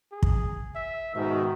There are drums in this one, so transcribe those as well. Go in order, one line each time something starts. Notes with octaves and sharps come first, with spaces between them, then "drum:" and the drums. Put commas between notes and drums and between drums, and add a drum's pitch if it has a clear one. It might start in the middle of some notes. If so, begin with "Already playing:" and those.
G#4
drum: kick
E5
G#2 B2 D#3 E5